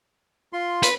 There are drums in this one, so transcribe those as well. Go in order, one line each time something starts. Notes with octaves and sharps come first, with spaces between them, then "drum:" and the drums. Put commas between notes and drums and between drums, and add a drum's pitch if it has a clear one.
F4 C6
B4, drum: hi-hat